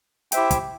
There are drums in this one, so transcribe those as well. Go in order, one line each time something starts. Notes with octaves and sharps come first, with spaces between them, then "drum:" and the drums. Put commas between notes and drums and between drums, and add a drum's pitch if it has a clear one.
E4 G4 C5 E5 G5, drum: hi-hat
drum: kick, hi-hat